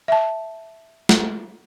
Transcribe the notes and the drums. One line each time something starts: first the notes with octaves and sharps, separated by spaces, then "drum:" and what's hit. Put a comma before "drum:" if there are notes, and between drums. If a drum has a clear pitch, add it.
E5 A5
drum: snare